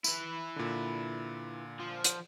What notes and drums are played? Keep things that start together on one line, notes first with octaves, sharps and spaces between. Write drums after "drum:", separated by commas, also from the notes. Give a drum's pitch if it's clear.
E4 B4, drum: tambourine
A#2 D3
F3
drum: hi-hat